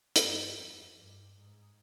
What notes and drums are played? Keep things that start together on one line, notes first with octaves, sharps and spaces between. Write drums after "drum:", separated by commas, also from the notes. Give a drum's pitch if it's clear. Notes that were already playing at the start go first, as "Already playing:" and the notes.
G2, drum: hi-hat
F2
G2
G#2